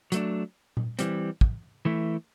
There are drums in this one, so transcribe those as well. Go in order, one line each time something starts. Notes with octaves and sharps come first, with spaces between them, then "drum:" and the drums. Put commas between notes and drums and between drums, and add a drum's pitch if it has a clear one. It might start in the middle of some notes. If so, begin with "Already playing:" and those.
F#3 A3 D4, drum: hi-hat
drum: tom A#2
E3 G3 C4, drum: hi-hat
drum: kick
E3 A3 E4